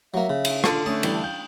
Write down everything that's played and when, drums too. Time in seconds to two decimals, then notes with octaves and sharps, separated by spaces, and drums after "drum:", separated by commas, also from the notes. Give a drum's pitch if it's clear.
0.14 F#3 A#3 E5
0.30 C#3
0.45 drum: cymbal
0.64 D3 F4, drum: rim click
0.86 A3 C#4 A5 D#6
1.03 E3 G3 G4, drum: cymbal
1.21 F5 G5 G6